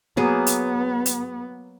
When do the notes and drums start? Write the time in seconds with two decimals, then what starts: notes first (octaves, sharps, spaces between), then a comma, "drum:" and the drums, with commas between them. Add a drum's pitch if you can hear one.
0.17 F#3 A#3 B3 G#4
0.46 drum: hi-hat
1.06 drum: hi-hat